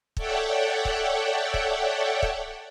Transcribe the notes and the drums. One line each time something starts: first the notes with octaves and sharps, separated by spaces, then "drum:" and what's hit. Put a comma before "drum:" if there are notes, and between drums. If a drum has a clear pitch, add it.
A4 C#5 D5 E5 F#5 G5, drum: kick
drum: kick
drum: kick
drum: kick